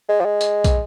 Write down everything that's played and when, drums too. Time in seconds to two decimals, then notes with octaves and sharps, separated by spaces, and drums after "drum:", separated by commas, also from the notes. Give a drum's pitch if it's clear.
0.09 G#3
0.20 F3
0.25 G#3
0.41 drum: hi-hat
0.64 drum: kick, hi-hat